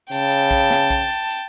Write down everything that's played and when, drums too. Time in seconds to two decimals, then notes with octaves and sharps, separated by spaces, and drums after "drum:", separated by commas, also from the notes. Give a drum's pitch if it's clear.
0.11 C#3 G5 A5, drum: hi-hat
0.31 drum: hi-hat
0.51 drum: kick A#1, hi-hat
0.71 drum: snare
0.90 drum: kick A#1, hi-hat
1.10 drum: hi-hat
1.30 drum: hi-hat